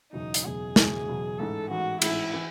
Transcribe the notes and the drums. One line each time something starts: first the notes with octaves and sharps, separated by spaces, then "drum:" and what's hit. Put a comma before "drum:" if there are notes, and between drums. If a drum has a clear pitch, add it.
F#1 E2 B2 F#3 D#4
drum: hi-hat
F#1 E2 B2 F#3 G#4
F#1 E2 B2 F#3, drum: snare
F#1 E2 B2 F#3
A1 G#2 E3 A4
A1 G#2 E3 F#4
A1 G#2 E3 E4, drum: cymbal
E3